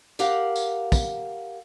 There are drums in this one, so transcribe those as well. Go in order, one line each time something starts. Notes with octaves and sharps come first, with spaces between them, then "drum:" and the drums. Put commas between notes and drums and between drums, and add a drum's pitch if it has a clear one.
G4 A#4 F5 F#5, drum: tambourine
drum: tambourine
drum: kick, tambourine